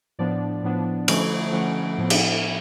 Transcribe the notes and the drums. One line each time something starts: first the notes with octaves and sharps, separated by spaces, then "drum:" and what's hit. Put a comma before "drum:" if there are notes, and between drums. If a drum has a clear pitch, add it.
A2 F3 B3 D4 D5
A2 F3 B3 D4
D3 F3 A3 C#4, drum: cymbal
D3 F3 A3 C#4 F#5
A2 F3 B3
drum: cymbal